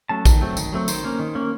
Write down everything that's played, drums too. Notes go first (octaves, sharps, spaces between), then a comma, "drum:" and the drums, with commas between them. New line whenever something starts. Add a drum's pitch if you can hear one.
F#3 A3 C#4 A5
D#3, drum: kick A#1, tambourine
F#3 A3 C4
D#3, drum: tambourine
F#3 A3 C4
D#3 C5, drum: tambourine
A#3 C#4
D#3
A#3 C#4